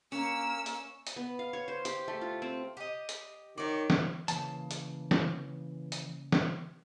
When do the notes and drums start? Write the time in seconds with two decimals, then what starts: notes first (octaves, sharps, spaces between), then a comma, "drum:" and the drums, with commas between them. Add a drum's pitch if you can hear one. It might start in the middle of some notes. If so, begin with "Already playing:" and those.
0.12 A#3 C#4 E6
0.66 drum: hi-hat
1.07 drum: hi-hat
1.16 B3
1.39 F5
1.53 C#5
1.68 C5
1.85 G4, drum: hi-hat
2.08 A3
2.21 F4
2.42 C4
2.77 G4 D#5
3.09 drum: hi-hat
3.58 D#3 C#5 D5
3.90 drum: snare
4.28 C#3 E3 A#3 A5, drum: hi-hat
4.71 drum: hi-hat
5.11 drum: snare
5.92 drum: hi-hat
6.32 drum: snare